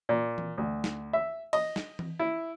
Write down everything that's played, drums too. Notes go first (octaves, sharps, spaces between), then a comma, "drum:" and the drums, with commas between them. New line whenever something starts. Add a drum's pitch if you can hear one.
A#2
drum: tom E3
D2
drum: snare
E5
D#5, drum: cymbal
drum: snare
drum: tom E3
E4